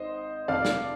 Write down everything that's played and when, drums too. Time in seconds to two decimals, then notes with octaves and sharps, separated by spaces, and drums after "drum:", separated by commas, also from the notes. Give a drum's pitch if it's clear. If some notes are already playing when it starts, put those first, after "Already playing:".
Already playing: G#1 G#2 C5 D#5
0.48 F1 F2 C3 D5 F5
0.65 drum: snare